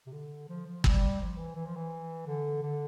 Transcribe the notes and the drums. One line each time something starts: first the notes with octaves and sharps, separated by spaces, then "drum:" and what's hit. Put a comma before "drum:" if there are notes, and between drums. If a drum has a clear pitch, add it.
C3
D3
F3
F3
G3, drum: kick
F3
E3
E3
F3
E3
D3
D3